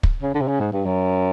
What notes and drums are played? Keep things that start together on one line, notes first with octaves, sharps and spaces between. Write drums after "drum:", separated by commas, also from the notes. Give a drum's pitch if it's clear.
drum: kick
C#3
D3
C3
C#3
G#2
G2
F#2